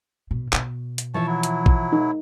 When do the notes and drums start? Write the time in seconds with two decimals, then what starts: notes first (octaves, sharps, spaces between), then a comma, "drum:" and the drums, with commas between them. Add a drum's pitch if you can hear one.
0.31 B2
0.53 B2, drum: clap
0.98 drum: hi-hat
1.14 E3 F3 C#5 E5 A5
1.27 F#3 E4
1.43 drum: hi-hat
1.66 drum: kick
1.93 D#4